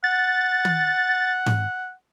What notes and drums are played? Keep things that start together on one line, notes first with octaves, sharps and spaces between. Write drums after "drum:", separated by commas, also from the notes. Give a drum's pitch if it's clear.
F#5 A6
drum: tom
drum: tom G#2